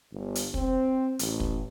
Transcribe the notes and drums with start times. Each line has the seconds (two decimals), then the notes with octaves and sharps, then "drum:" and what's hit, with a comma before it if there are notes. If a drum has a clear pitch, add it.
0.12 G1
0.35 drum: hi-hat
0.54 C4, drum: kick
1.19 A1, drum: hi-hat
1.40 drum: kick